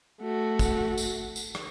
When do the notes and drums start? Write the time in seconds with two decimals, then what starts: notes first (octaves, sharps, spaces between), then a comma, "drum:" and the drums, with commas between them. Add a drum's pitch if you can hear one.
0.21 A3 F#4
0.59 drum: kick, tambourine
0.98 drum: tambourine
1.36 drum: tambourine
1.55 drum: rim click